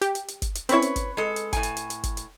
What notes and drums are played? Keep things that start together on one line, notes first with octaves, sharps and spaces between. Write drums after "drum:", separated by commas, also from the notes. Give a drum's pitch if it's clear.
G4, drum: hi-hat
drum: hi-hat
drum: hi-hat
drum: kick, hi-hat
drum: hi-hat
C4 C#4 E4 B4 C#5, drum: hi-hat
drum: hi-hat
drum: kick, hi-hat
G#3 A4
drum: hi-hat
A2 G#5, drum: kick, hi-hat
drum: hi-hat
drum: hi-hat
drum: hi-hat
drum: kick, hi-hat
drum: hi-hat